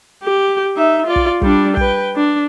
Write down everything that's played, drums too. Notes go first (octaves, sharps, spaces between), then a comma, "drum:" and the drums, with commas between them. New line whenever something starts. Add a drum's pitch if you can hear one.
G4
D#4 E5
F4 D5
drum: kick
G3 D4, drum: kick
B4 G5, drum: kick
D4